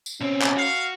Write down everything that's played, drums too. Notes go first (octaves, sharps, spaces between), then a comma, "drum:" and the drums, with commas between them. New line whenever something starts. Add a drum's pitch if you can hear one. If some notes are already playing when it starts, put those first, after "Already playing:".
drum: tambourine
B2 C4 C#4
drum: clap
F#4 F5